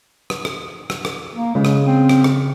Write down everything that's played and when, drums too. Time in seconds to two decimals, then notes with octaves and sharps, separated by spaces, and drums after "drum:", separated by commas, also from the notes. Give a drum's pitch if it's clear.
0.30 drum: rim click
0.45 drum: rim click
0.90 drum: rim click
1.05 drum: rim click
1.35 A#3
1.55 C#3 G#3
1.65 drum: rim click
1.86 C4
2.09 drum: rim click
2.24 drum: rim click